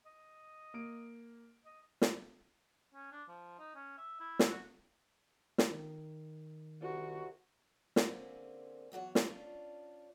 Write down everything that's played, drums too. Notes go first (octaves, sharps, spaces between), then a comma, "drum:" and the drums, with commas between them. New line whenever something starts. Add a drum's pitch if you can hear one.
D#5
A#3 D7
D#5
drum: snare
C#4
D4
F3
D#4
C#4
E5
E4
drum: snare
F#4
drum: snare
D#3
C2 F#4
D3 A#3 C4 C#4 G#4, drum: snare
E2 F#3 F#4 C#5
drum: snare
C#4 D4 F4